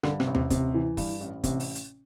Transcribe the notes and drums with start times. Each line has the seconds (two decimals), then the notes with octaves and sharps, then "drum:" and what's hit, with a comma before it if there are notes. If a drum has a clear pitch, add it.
0.03 G2 D3, drum: rim click
0.20 C3, drum: rim click
0.27 A1
0.35 C3, drum: tom D#2
0.50 A1 C3, drum: kick, hi-hat
0.74 E3
0.97 G2, drum: kick, open hi-hat
1.20 A1
1.44 A1 C3, drum: kick, hi-hat
1.60 drum: open hi-hat
1.75 drum: hi-hat